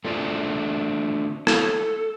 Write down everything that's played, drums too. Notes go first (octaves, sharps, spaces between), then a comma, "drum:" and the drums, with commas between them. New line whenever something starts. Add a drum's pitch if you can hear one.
A3 C4 D4 F4 C5 D5
A4, drum: rim click